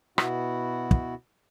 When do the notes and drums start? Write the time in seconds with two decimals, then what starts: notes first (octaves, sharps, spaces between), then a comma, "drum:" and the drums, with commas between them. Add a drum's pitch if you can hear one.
0.18 B2 B3 E4 F#4, drum: rim click
0.91 drum: kick